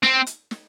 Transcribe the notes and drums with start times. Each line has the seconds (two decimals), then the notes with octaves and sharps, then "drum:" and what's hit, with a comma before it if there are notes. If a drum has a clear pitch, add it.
0.03 C4, drum: snare
0.27 drum: hi-hat
0.51 drum: snare